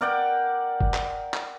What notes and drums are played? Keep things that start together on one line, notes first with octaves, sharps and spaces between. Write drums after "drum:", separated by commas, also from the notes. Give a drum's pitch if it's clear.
A#4 D5 F#5 G5
drum: kick F#1
drum: clap
drum: clap